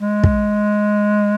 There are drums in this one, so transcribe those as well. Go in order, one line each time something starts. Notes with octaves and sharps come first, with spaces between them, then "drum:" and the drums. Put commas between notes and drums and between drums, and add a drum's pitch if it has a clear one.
G#3
drum: kick